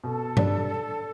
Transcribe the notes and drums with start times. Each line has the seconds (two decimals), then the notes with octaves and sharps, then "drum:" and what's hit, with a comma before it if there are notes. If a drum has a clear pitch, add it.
0.04 B2 A4
0.37 G3 D4, drum: tom G2